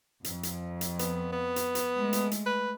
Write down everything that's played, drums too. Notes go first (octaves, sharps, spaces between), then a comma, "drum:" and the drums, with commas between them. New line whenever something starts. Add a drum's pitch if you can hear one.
F2, drum: hi-hat
drum: hi-hat
drum: hi-hat
B3, drum: hi-hat
B3
drum: hi-hat
drum: hi-hat
G#3 A3
drum: hi-hat
drum: hi-hat
B4